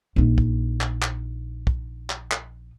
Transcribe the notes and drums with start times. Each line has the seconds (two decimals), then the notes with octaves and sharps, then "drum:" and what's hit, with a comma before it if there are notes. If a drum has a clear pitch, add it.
0.16 A#1 D#4
0.38 drum: kick
0.81 drum: clap
1.02 drum: clap
1.67 drum: kick
2.10 drum: clap
2.31 drum: clap